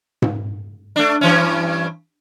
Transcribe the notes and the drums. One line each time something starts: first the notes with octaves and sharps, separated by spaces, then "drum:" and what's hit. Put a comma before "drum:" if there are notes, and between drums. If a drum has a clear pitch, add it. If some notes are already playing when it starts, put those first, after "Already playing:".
drum: tom G#2
A3 D4
G2 E3 C#4